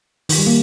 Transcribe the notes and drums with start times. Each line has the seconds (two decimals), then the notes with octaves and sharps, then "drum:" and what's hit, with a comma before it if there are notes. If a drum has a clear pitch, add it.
0.29 D#3, drum: open hi-hat
0.38 G3
0.46 A#3